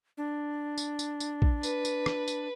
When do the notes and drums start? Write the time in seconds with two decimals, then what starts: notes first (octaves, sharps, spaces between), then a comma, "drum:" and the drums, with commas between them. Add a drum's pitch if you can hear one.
0.17 D4
0.78 drum: tambourine
0.99 drum: tambourine
1.20 drum: tambourine
1.42 drum: kick A#1
1.63 B4, drum: tambourine
1.85 drum: tambourine
2.06 drum: rim click
2.28 drum: tambourine